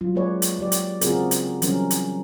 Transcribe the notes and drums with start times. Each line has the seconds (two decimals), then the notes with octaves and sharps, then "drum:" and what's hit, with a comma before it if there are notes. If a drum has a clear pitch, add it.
0.01 F#3 F4
0.15 G#3 A#3 B4 C#5 D5
0.42 drum: hi-hat
0.59 F#3 G4 D5
0.72 drum: hi-hat
1.01 C#3 C4 F4 F#4 G#4 A#4, drum: hi-hat
1.31 drum: hi-hat
1.62 E3 F#3 G3 C#4 A#4, drum: hi-hat
1.90 drum: hi-hat